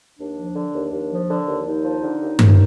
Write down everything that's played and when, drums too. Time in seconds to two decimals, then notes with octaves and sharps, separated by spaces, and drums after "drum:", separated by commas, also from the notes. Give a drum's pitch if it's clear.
0.18 D#2 D4
0.36 F3
0.55 D3
0.74 D#2
0.91 D#2
1.10 F3
1.29 D3
1.47 D#2
1.65 D#2 D#4
1.83 F3
2.02 D3
2.20 D#2
2.39 D#2, drum: tom G2